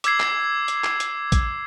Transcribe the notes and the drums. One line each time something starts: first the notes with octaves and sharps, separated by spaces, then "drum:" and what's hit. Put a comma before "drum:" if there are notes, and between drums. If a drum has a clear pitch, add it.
D6 E6 G#6 C7, drum: hi-hat
drum: clap
drum: hi-hat
drum: clap
drum: hi-hat
drum: kick, hi-hat